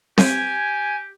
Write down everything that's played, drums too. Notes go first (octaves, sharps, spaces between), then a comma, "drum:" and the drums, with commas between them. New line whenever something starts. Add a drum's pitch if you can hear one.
G4 G#5, drum: snare C4